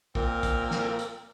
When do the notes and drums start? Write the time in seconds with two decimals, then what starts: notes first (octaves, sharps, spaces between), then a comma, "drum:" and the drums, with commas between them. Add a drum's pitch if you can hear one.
0.15 A#2 C4 A#4, drum: kick
0.43 drum: kick, hi-hat
0.71 drum: snare
0.99 drum: hi-hat